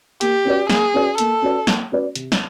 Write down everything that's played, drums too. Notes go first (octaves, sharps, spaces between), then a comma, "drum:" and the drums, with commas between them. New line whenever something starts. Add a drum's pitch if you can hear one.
A#3 G4, drum: hi-hat
C#4 F#4 B4 D5
A#3 G#4, drum: snare
C#4 F#4 B4 D5
A#3 A4, drum: hi-hat
C#4 F#4 B4 D5
A#3, drum: snare
C#4 F#4 B4 D5
C3, drum: hi-hat
drum: snare